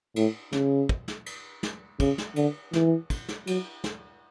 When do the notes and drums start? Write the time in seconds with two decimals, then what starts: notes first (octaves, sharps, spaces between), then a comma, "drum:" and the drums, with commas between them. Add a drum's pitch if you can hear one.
0.16 A2, drum: cymbal
0.52 C#3, drum: snare
0.89 drum: kick
1.08 drum: snare
1.26 drum: cymbal
1.63 drum: snare
2.00 C#3, drum: kick, cymbal
2.18 drum: snare
2.36 D3, drum: cymbal
2.73 E3, drum: snare
3.10 drum: kick, cymbal
3.29 drum: snare
3.47 F#3, drum: cymbal
3.84 drum: snare